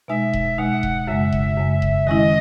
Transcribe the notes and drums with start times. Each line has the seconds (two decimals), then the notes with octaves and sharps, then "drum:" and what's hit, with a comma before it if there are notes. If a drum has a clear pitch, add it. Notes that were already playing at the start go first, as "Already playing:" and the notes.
0.08 B2 G#3 D#4 E5
0.33 drum: kick D#1
0.58 B2 G#3 D#4 F#5
0.83 drum: kick D#1
1.07 F#2 C#3 G#3 E5
1.33 drum: kick D#1
1.58 F#2 C#3 G#3
1.82 drum: kick D#1
2.07 D#3 G#3 C#4 E4 D#5